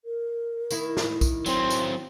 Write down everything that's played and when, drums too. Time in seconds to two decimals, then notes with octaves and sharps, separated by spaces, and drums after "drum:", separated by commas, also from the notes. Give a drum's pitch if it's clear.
0.05 A#4
0.71 D#3 E4, drum: tambourine
0.97 drum: snare
1.21 drum: kick, tambourine
1.46 F#3 C4 C6, drum: tambourine
1.70 drum: tambourine